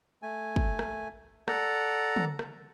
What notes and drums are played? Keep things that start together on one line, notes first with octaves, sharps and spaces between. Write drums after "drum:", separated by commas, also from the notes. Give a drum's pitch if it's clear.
A3 G#5
drum: kick
drum: rim click
A4 D5 F#5 A#5, drum: rim click
drum: tom
drum: rim click